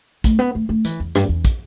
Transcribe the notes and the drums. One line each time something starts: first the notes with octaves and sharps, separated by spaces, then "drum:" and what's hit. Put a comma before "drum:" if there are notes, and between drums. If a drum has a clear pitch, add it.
A3, drum: kick, hi-hat
B3
A3
A3
E3, drum: hi-hat
E2
G2, drum: hi-hat
E2
drum: kick, hi-hat